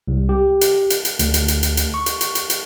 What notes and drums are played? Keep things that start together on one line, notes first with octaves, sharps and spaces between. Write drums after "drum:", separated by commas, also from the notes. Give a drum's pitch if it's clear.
C2
G4
drum: hi-hat
drum: hi-hat
drum: hi-hat
D2, drum: hi-hat
drum: hi-hat
drum: hi-hat
drum: hi-hat
drum: hi-hat
C#6
drum: hi-hat
drum: hi-hat
drum: hi-hat
drum: hi-hat